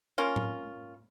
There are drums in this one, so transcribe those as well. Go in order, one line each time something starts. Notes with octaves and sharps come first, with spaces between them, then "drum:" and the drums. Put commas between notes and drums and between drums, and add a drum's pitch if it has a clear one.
A#3 C#4 F4
drum: tom A2